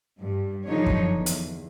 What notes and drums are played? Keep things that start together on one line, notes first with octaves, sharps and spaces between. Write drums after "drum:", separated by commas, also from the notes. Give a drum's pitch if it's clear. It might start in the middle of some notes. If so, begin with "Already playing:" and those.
G2
D3 F3 F#3 D#4 C#5
drum: kick F#2
E2
drum: hi-hat